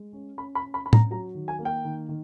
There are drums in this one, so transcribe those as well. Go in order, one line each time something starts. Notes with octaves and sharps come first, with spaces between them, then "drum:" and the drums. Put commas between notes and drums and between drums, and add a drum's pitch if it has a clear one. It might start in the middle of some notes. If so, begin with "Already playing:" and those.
Already playing: G#3
C#4
C#4 B5
B5
C#4
B5
C#4 B5
A#5, drum: tom A2
F#3 A#5
D#3
G#5
A#3
G5
D#3
D#3